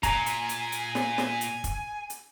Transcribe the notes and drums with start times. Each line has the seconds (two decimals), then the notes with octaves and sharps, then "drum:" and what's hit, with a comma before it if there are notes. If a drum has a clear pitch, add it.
0.03 A#2 G#5 A#5, drum: kick, hi-hat
0.26 drum: hi-hat
0.49 drum: hi-hat
0.72 drum: hi-hat
0.95 drum: snare
1.18 drum: snare
1.41 drum: hi-hat
1.64 drum: kick, hi-hat
2.10 drum: hi-hat